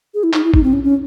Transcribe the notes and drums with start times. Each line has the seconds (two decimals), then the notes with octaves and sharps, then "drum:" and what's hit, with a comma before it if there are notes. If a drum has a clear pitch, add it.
0.14 G#4
0.24 E4
0.33 D#4, drum: clap
0.44 E4
0.54 D#4, drum: kick
0.64 C4
0.73 C#4
0.84 C#4